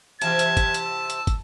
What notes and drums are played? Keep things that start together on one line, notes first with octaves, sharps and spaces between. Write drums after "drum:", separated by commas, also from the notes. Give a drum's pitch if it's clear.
C3 E3 G4 A5 G#6, drum: hi-hat
drum: hi-hat
drum: kick, hi-hat
drum: hi-hat
E6
drum: hi-hat
drum: kick, hi-hat